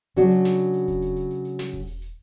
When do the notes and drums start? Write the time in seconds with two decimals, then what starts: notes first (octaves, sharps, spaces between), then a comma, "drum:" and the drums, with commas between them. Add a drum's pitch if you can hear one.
0.16 C#3 F#3 D4 F#4, drum: hi-hat
0.31 drum: hi-hat
0.45 drum: snare
0.59 drum: hi-hat
0.73 drum: hi-hat
0.88 drum: kick E1, hi-hat
1.02 drum: hi-hat
1.16 drum: hi-hat
1.30 drum: hi-hat
1.45 drum: hi-hat
1.59 drum: snare
1.73 drum: kick E1, open hi-hat
1.87 drum: hi-hat
2.02 drum: hi-hat